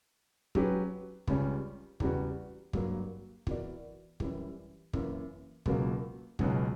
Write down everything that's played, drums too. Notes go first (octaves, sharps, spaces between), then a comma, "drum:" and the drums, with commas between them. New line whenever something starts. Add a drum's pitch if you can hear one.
F#3 C#4 G4 B4, drum: kick
C#2 C#3 G3 C#4, drum: kick
E2 C#3 G3 B3 F#4, drum: kick
G2 F#3 A#3, drum: kick
E3 B3 F#4 A#4 D5, drum: kick
F#2 E3 G3, drum: kick
F#2 E3 A#3, drum: kick
C#2 B2 F#3 A#3, drum: kick
C#2 B2 F#3 C#4 F#4, drum: kick